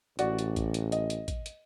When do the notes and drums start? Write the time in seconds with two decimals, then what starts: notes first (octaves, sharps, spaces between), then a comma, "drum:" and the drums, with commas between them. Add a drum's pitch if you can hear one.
0.19 A1 F#4 D5, drum: hi-hat
0.39 drum: hi-hat
0.56 drum: kick, hi-hat
0.74 drum: hi-hat
0.92 D#5, drum: hi-hat
1.10 drum: hi-hat
1.28 drum: kick, hi-hat
1.46 drum: hi-hat